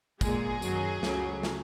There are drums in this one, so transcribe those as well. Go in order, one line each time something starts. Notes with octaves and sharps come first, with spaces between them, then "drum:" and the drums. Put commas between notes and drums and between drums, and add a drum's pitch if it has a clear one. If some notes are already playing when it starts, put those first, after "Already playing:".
A#2 G#3 G#4, drum: kick, tambourine
F#2 D#3 F#3, drum: tambourine
C#2 C#3 F#3, drum: snare
drum: snare